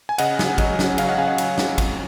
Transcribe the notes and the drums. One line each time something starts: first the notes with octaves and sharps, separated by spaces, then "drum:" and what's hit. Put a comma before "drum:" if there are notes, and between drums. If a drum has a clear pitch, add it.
G#5
C#3 D#5 F#5, drum: cymbal
C#3, drum: snare
G#5
F#3 D#5 F#5, drum: kick A1, cymbal
C#4, drum: snare
C#3 C#5 F5, drum: cymbal
D#5 F#5
C#3 F5 G#5
D#5 F#5
F#3, drum: cymbal
C#4, drum: snare
F2, drum: kick A1, cymbal